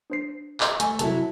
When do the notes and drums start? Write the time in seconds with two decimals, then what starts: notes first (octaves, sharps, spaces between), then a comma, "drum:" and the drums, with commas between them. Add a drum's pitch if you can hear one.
0.10 D4 C5 C7
0.60 D6, drum: clap
0.80 A3 G#5 C#6, drum: hi-hat
0.99 C3 F#3 E4 A4 A5, drum: hi-hat